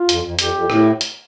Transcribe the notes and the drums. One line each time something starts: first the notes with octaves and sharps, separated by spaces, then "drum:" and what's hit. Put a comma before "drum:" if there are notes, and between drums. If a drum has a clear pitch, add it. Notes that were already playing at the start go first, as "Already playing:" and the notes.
Already playing: F4
F2, drum: hi-hat
F2
F2 G4, drum: hi-hat
F2
A2, drum: rim click
drum: hi-hat